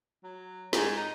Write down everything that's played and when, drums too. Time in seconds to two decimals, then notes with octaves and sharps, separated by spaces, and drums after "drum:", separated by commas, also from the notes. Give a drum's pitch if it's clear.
0.23 F#3
0.73 G#2, drum: snare
0.97 D#4